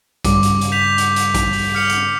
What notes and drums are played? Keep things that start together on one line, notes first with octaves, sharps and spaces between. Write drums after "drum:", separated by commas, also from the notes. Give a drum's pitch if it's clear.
G2 C#3 G3 D6, drum: kick, hi-hat
drum: hi-hat
drum: hi-hat
G6 B6 F7
drum: hi-hat
drum: hi-hat
drum: kick, hi-hat
drum: open hi-hat
F6 C#7 F7
drum: hi-hat